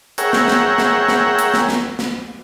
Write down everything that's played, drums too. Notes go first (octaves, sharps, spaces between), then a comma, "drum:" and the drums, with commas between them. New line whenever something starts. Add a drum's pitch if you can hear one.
G#4 A#4 C#5 E5 F#5 G5, drum: hi-hat
drum: snare
drum: snare
drum: snare
drum: snare
drum: hi-hat
drum: snare
drum: snare
drum: snare